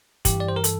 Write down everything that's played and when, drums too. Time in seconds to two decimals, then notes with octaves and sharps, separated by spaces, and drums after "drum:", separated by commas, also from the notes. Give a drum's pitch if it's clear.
0.25 G2 E3 G4, drum: kick, hi-hat
0.40 D5
0.48 C5
0.56 A#4
0.64 A4, drum: hi-hat